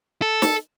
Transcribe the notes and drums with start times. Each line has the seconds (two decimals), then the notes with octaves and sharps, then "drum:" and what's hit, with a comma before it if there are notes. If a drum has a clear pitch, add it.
0.22 A4
0.42 drum: snare